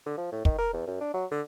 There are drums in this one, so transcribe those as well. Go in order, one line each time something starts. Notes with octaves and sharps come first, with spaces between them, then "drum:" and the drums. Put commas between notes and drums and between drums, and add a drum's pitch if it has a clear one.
D3
F3
A2
D#3, drum: kick
A#4
E2
F#2
D4
F#3
D3